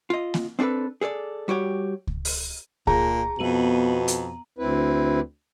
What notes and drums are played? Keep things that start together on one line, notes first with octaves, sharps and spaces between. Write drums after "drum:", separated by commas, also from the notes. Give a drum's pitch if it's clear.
F4 D#5
drum: snare A#3
C4 D4 F#4 A4 B4
G#4 A4 C#5 D5
G3 F#4 G4 C#5
drum: kick C#2
drum: open hi-hat
A#2 G#4 A5 A#5, drum: kick C#2
F2 B2 B3 D#7 F#7
drum: hi-hat
D2 C4 E4 B4